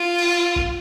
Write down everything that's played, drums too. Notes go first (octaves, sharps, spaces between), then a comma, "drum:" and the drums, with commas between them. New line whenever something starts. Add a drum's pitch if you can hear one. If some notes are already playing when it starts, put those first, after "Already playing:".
Already playing: F4
drum: cymbal
drum: kick